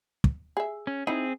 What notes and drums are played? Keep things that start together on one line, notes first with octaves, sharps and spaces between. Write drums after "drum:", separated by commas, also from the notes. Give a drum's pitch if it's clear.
drum: kick
G#4 E5
C#4
C4 D#4 E4 G#4